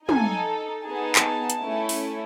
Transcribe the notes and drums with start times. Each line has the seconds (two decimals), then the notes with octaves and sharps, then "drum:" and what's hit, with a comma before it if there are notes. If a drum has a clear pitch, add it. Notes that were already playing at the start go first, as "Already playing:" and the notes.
0.09 D#4 A4 G#5, drum: tom
0.85 B3 D#4 G#4 A5
1.15 drum: clap
1.50 drum: hi-hat
1.62 A3 C#4 E4
1.89 drum: open hi-hat